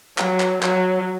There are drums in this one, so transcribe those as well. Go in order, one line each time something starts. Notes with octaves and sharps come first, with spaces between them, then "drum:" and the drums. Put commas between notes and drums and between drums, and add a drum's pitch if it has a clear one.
F#3, drum: clap
drum: clap
F#3, drum: clap